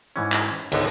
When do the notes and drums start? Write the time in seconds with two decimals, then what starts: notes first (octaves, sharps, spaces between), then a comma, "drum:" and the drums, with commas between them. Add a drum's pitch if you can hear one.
0.16 G#2 E3 C#4
0.32 drum: clap
0.72 C#2 G#2 D3 B3 D#4, drum: cymbal